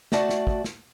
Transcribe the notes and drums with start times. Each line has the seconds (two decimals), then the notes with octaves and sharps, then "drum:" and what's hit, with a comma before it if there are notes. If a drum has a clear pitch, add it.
0.12 A3 F#4 D5 A5, drum: snare
0.29 drum: snare
0.47 drum: kick
0.64 drum: snare